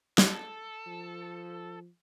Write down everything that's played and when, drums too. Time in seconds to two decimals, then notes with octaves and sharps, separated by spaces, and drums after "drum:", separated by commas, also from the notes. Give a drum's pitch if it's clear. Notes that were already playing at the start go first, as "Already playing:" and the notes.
0.18 A4, drum: snare
0.86 F3